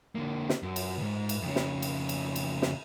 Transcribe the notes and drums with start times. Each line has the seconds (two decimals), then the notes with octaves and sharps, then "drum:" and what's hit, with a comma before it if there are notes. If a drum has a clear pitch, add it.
0.15 D3 A#3
0.49 drum: snare
0.63 F#2
0.76 drum: cymbal
0.99 C#2 G#2
1.29 drum: cymbal
1.42 F2 C#3
1.56 drum: snare
1.82 drum: cymbal
2.09 drum: cymbal
2.36 drum: cymbal
2.62 drum: snare